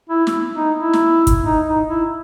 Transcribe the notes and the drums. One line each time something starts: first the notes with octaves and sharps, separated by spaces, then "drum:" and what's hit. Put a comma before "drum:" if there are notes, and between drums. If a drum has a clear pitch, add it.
E4
drum: snare
D#4
E4
drum: snare
drum: kick, hi-hat
D#4
D#4
E4